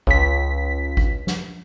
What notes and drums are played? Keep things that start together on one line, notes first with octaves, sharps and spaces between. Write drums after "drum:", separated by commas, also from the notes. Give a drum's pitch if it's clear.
C#2 B6, drum: kick G#1
drum: kick G#1
drum: snare